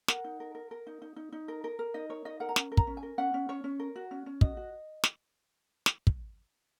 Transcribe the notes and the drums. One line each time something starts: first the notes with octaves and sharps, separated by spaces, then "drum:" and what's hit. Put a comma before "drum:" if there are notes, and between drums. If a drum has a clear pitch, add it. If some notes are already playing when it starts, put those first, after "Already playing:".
A#4 F#5, drum: snare
D#4
A#4
A#4
A#4
D#4
D#4
D#4
D#4
A#4
A#4
A#4
D#4 D#5
A#4 C#5
D#4 D#5
A#4 F#5
A#5
C#4 G#5, drum: snare
A#4
A#5, drum: kick
C#4
G#5
A#4
C#4 F#5
C#4
C#4 C#5
C#4
A#4
F#4
C#4
C#4
F#4 D#5, drum: kick
F#4
drum: snare
drum: snare
drum: kick